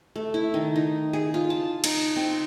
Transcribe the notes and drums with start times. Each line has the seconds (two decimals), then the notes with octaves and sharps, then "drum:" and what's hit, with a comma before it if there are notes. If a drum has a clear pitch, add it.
0.16 A3
0.34 E4
0.54 D#3
0.76 D#4
1.13 G#4
1.34 F4
1.50 A5
1.84 D#4, drum: cymbal
2.16 C4